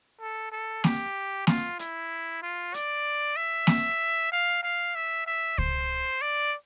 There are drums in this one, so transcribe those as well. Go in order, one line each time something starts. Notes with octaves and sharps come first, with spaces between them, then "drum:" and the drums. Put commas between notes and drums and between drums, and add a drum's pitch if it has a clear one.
A4
A4
G4, drum: snare A#3
F4, drum: snare A#3
E4, drum: hi-hat
F4
D5, drum: hi-hat
E5
drum: snare A#3
F5
F5
E5
E5
C5, drum: kick C#2
D5